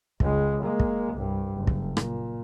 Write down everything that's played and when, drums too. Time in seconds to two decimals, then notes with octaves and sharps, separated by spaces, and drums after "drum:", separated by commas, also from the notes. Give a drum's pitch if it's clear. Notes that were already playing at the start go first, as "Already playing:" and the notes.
0.20 C#2 G#3, drum: kick
0.63 G#3 A#3
0.80 drum: kick
1.14 C2 G2
1.55 F#1
1.67 drum: kick
1.97 A#2, drum: rim click